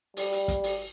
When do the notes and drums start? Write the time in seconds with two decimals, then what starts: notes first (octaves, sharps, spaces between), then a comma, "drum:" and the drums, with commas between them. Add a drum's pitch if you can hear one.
0.17 G3, drum: open hi-hat
0.33 drum: hi-hat
0.48 drum: kick, hi-hat
0.64 drum: open hi-hat